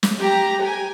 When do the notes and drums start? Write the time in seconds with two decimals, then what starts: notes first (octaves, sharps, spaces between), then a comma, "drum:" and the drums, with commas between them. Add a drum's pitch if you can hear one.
0.03 drum: snare
0.18 G4 A#5
0.62 G5 G#5